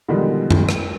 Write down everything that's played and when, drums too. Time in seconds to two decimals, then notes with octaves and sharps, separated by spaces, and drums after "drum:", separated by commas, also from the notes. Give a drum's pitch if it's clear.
0.08 B2 D3 D#3 F3 G3 G#3
0.50 drum: tom F#2
0.69 drum: rim click